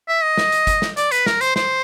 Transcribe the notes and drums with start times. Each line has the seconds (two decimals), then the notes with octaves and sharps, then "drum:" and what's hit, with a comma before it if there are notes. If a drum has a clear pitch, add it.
0.08 E5
0.23 D#5
0.37 drum: snare
0.52 drum: hi-hat
0.67 drum: kick, hi-hat
0.82 drum: snare
0.97 D5, drum: hi-hat
1.11 B4, drum: hi-hat
1.26 A#4, drum: snare
1.41 C5, drum: hi-hat
1.56 C5, drum: snare